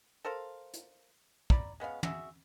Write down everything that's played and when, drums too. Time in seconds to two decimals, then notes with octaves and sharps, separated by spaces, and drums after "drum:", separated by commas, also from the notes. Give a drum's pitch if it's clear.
0.25 A4 A#4 C5 F5
0.74 drum: hi-hat
1.50 D5 A#5 B5, drum: kick
1.80 G#3 B3 C#4 F5
2.03 F#4 G#4 E5, drum: tom